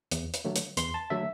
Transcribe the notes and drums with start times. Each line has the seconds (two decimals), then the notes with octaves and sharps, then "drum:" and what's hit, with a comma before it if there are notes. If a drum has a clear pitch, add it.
0.11 E2, drum: hi-hat
0.34 drum: hi-hat
0.45 D3 F#3 A3
0.56 drum: hi-hat
0.77 E2 C6, drum: hi-hat
0.94 A5
1.10 D3 F#3 A3 E5